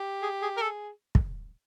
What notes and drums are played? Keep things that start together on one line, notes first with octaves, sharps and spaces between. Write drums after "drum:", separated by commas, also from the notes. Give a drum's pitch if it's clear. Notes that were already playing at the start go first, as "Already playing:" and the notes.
Already playing: G4
G#4
G#4
A#4
G#4 A4
drum: kick